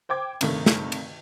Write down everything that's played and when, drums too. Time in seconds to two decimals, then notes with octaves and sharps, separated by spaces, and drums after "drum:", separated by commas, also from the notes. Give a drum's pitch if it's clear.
0.09 C5 G5 D6 G#6
0.41 G2 C3 D#3 A3, drum: cymbal
0.66 drum: snare
0.92 drum: cymbal